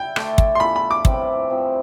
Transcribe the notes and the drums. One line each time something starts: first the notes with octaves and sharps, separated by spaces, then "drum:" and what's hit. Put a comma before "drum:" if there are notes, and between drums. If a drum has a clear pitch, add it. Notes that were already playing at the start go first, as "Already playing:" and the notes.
Already playing: E4 G5
D3 A3 D4 A4, drum: rim click
drum: kick
C6
E3 B3 F4 A4 B5
B5
D6
A2 G3 C4, drum: kick
F3 C4 G4